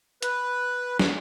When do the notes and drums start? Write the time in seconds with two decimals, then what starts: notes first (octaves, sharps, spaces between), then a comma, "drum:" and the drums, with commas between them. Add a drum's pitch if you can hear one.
0.22 B4, drum: hi-hat
0.99 drum: snare